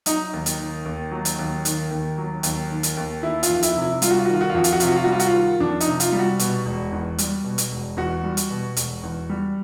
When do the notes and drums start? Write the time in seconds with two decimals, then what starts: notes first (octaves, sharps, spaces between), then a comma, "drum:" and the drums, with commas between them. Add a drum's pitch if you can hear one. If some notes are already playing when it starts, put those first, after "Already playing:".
0.06 F#3 D#4, drum: hi-hat
0.33 D#2
0.46 drum: hi-hat
0.59 D#3
0.85 D#2
1.12 F#3
1.25 drum: hi-hat
1.39 D#2
1.65 D#3, drum: hi-hat
1.91 D#2
2.18 F#3
2.43 D#2, drum: hi-hat
2.70 D#3
2.83 drum: hi-hat
2.97 D#2
3.22 D#3 E4
3.43 F4, drum: hi-hat
3.50 F2
3.63 E4, drum: hi-hat
3.76 C3
3.82 E4
4.02 G3 F4, drum: hi-hat
4.10 F#4
4.18 F4
4.25 D#3 F#4
4.33 F4
4.41 F#4
4.49 F4
4.55 F2 F#4
4.64 F4, drum: hi-hat
4.72 F#4
4.80 C3 F4, drum: hi-hat
4.88 F#4
4.95 F4
5.04 G3 F#4
5.12 F4
5.19 F#4, drum: hi-hat
5.27 F4
5.34 D#3
5.60 F2 D4
5.80 D#4, drum: hi-hat
5.86 C3
6.00 F4, drum: hi-hat
6.12 G3
6.19 F#4
6.39 B2, drum: hi-hat
6.66 E1
6.92 E2
7.18 G3, drum: hi-hat
7.44 B2
7.58 drum: hi-hat
7.72 E1
7.97 E2 F#4
8.23 G3
8.37 drum: hi-hat
8.51 B2
8.77 E1, drum: hi-hat
9.03 E2
9.29 G3